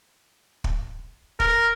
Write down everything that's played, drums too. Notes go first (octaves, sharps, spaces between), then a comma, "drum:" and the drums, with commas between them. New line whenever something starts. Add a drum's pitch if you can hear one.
drum: kick
A#4, drum: kick